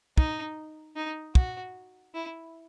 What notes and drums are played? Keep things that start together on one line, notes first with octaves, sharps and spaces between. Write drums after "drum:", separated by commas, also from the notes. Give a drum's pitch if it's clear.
D#4, drum: kick
D#4
F#4, drum: kick
E4